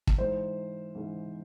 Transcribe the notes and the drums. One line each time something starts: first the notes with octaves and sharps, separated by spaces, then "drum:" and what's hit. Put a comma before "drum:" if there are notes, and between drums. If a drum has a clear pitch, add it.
drum: kick
G#2 E3 C5
G#2 E3